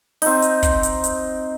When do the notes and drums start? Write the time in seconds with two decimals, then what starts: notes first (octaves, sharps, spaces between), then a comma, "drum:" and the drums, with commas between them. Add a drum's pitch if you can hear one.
0.22 C4 D#4, drum: open hi-hat
0.42 drum: hi-hat
0.63 drum: kick, hi-hat
0.83 drum: hi-hat
1.04 drum: hi-hat